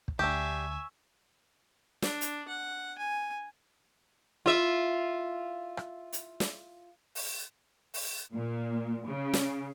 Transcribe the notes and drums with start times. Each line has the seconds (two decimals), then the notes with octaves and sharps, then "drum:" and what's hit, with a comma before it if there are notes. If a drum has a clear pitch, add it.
0.08 drum: kick
0.19 D2 D4 G4 E5 G#5 C#6 E6
2.02 D4, drum: snare
2.21 drum: hi-hat
2.48 F#5
2.98 G#5
4.46 F4 E5
5.77 drum: rim click
6.13 drum: hi-hat
6.40 drum: snare
7.15 drum: open hi-hat
7.94 drum: open hi-hat
8.33 A#2
9.08 C#3
9.34 drum: snare